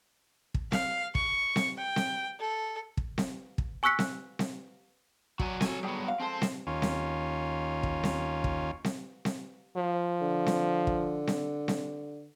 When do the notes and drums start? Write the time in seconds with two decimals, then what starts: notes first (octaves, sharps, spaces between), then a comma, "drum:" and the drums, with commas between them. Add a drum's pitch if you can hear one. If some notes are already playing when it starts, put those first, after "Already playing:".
0.54 drum: kick
0.72 F5, drum: snare C4
1.15 C#6, drum: kick
1.56 drum: snare C4
1.78 G5
1.96 drum: snare C4
2.40 A4
2.97 drum: kick
3.18 drum: snare C4
3.58 drum: kick
3.83 G#5 C#6 E6 F#6 B6 C#7
3.99 drum: snare C4
4.39 drum: snare C4
5.39 F#3 F#4 D5 G#5, drum: kick
5.61 C#4 F4 A4 G#5, drum: snare C4
5.83 G3 B3 G#4 A4 G5
6.08 F5
6.20 F3 G#3 C4 A4 C5
6.42 drum: snare C4
6.67 D#2 C#4 F4
6.82 drum: snare C4
7.83 drum: kick
8.04 drum: snare C4
8.44 drum: kick
8.84 drum: snare C4
9.25 drum: snare C4
9.77 F3
10.21 D3
10.46 drum: snare C4
10.87 drum: kick
11.27 drum: snare C4
11.68 drum: snare C4